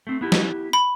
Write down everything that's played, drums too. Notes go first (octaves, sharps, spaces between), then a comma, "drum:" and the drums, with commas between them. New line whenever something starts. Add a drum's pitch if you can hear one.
A3 C4
B3 E4 G4
drum: snare
B5